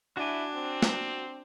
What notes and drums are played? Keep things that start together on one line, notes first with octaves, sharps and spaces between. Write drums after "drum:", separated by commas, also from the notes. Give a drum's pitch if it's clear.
D4 E4 F#4 G#5
C4
drum: snare